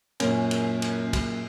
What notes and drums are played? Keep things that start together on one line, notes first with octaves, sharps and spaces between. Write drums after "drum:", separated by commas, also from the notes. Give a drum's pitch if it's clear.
F#2 A#2 C#4, drum: cymbal
drum: cymbal
drum: cymbal
drum: kick, cymbal